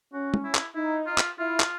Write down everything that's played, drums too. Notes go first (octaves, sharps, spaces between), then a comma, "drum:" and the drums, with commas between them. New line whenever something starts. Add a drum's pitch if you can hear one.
C#4 F#4
drum: tom
E4
drum: clap
D#4 E4
F4
drum: clap
E4 F4
drum: clap